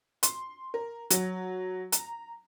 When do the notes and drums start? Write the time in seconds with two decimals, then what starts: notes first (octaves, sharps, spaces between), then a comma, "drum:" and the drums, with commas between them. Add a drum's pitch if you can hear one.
0.23 C6, drum: hi-hat
0.74 A#4
1.10 F#3, drum: hi-hat
1.92 A#5, drum: hi-hat